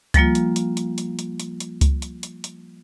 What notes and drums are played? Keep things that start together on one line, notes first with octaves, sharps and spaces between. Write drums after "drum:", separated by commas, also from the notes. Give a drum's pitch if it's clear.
F3 G3 A#3 F4, drum: kick C#2, hi-hat
drum: hi-hat
drum: hi-hat
drum: hi-hat
drum: hi-hat
drum: hi-hat
drum: hi-hat
drum: hi-hat
drum: kick C#2, hi-hat
drum: hi-hat
drum: hi-hat
drum: hi-hat